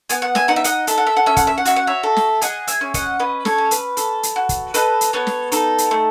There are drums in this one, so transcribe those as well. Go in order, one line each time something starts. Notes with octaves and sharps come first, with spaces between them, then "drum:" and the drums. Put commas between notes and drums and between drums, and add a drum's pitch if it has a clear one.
B3 G#5, drum: hi-hat
F#5
E5 G#5, drum: snare
D#4 F#5
E5
D#5 F#5, drum: hi-hat
A4 E5, drum: hi-hat
F#5
E5
F#5
C#4 E5
F#5, drum: kick, hi-hat
E5
F#5
F#4 E5, drum: hi-hat
F#5
C#5 E5
A4
drum: snare
G#4 D#5 F#5, drum: hi-hat
E5 G#5, drum: hi-hat
C#4
D#5 F#5, drum: kick, hi-hat
C#4 B4 D#5
A4 C#5, drum: snare
C#4
B4, drum: hi-hat
A4, drum: hi-hat
drum: hi-hat
F#4
drum: kick, hi-hat
A4 B4 D#5, drum: hi-hat
drum: hi-hat
B3 A4 C#5
drum: snare
D#4 A4, drum: hi-hat
drum: hi-hat
A3